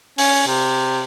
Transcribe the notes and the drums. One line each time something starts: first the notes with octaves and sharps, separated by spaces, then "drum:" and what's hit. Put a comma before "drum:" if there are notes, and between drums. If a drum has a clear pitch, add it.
C#4, drum: open hi-hat
C3